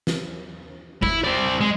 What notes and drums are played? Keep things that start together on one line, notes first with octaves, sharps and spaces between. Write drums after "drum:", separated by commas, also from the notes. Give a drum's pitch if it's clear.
drum: snare
E4, drum: kick F#1
C4 D5
G#3